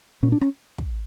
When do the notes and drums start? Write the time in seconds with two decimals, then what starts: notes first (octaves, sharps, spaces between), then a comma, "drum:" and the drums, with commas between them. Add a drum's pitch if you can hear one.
0.23 A#2 C#4
0.32 D4
0.41 C#4, drum: rim click
0.78 drum: kick